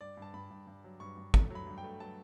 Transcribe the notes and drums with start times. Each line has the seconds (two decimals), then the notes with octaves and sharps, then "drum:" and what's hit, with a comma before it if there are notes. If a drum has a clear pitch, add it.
0.01 G2 D5
0.17 G2
0.22 A5
0.34 G2 B5
0.50 G2
0.67 G2
0.84 F#3
1.00 G2 C#6
1.17 G2
1.34 A3, drum: kick
1.50 F#3
1.55 B5
1.67 G2
1.78 G5
1.84 A3
2.00 F#3 A5